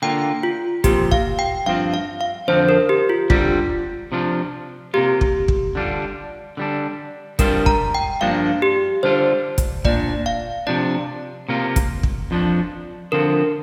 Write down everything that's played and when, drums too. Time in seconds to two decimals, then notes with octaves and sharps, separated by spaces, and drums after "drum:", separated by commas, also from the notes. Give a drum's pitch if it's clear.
0.02 D3 A#3 F4 G5
0.43 F4
0.84 A#2 F3 C4 F4 G4, drum: kick, hi-hat
1.12 F5, drum: kick
1.39 G5
1.66 G2 F3 C4 F4 F5
1.94 F5
2.21 F5
2.48 F2 D3 F3 C4 C5
2.69 A#4
2.89 G4
3.09 F4
3.30 D3 G3 C4 F4, drum: kick
4.12 C3 F3 D4 F4
4.94 C3 A#3 F4 G4
5.21 drum: kick
5.48 drum: kick
5.75 D3 G3 D4 F4
6.57 D3 G3 D4
7.39 G2 G3 C4 F4 A#4, drum: kick, hi-hat
7.66 A#5, drum: kick
7.95 G5
8.21 G2 F3 A#3 D4 F5
8.62 G4
9.03 D3 G3 D4 F4 C5
9.58 drum: kick, hi-hat
9.85 A#2 A#3 D4 D5, drum: kick
10.26 F5
10.67 C3 F3 D4 D5
11.49 C3 A#3 F4
11.76 drum: kick, hi-hat
12.03 drum: kick
12.31 F2 F3 D4
13.12 D3 F3 C4 F4 A#4